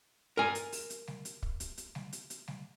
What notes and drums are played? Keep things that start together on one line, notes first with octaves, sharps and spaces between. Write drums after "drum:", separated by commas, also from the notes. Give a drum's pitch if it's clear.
A#4 G#5
drum: hi-hat
drum: open hi-hat
drum: hi-hat
drum: snare G3
drum: hi-hat
drum: kick
drum: hi-hat
drum: hi-hat
drum: snare G3
drum: hi-hat
drum: hi-hat
drum: snare G3